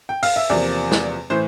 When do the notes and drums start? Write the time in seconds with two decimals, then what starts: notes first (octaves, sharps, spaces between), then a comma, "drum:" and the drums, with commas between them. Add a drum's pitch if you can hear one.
0.09 G5
0.23 F5, drum: open hi-hat
0.36 E5
0.50 E2 C3 F3 A#3 D5
0.91 drum: snare
1.30 A2 E3 C5